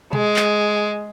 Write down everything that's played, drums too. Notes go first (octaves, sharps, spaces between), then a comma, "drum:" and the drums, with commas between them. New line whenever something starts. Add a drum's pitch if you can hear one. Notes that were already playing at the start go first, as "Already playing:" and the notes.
G#3, drum: tom B2
drum: clap